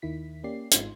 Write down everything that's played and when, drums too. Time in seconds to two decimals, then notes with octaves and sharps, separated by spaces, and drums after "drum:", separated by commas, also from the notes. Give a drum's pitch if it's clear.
0.02 D#2 D#3 E4 B6
0.44 A#3 C#4 G4 D5 C7
0.71 G#1 G#2 D#4 F4 C6 G#6, drum: hi-hat